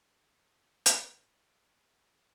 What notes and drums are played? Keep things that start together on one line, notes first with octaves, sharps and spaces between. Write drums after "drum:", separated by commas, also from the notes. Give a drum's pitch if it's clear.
C#5 C6
drum: hi-hat